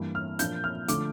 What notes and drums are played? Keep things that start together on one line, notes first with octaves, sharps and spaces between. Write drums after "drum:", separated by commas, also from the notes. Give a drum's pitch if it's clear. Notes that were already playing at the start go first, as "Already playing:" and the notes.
Already playing: G2 E3 A#3 E4
F6
A#2 F3 A#3 D4 G6, drum: hi-hat
F6
D3 F3 A3 D6, drum: hi-hat